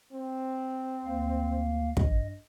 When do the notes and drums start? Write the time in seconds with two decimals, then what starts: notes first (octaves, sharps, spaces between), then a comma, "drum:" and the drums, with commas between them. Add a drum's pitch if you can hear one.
0.12 C4
1.05 D2 A#3 F5
1.97 G2 D#5, drum: kick